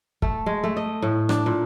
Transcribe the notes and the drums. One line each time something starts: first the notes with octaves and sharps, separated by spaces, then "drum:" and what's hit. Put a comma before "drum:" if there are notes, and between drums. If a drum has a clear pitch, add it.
A3, drum: kick
G#3
A3
D#5
A2
D4, drum: rim click
A#2